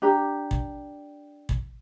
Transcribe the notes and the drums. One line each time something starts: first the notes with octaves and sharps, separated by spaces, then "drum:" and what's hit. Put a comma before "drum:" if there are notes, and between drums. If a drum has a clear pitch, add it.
D4 G4 A#5
drum: kick
drum: kick